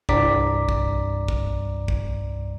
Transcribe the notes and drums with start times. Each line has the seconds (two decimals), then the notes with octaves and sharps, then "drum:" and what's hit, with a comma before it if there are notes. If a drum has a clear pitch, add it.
0.09 C2 G2 D5 A#5 D6 B6, drum: kick
0.69 drum: kick
1.28 drum: kick
1.88 drum: kick